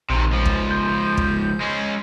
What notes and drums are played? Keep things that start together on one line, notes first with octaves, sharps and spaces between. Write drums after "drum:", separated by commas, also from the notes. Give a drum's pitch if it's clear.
A#1 C3 D#3
C#2 F3
drum: kick
G6
drum: kick
G#3 C#4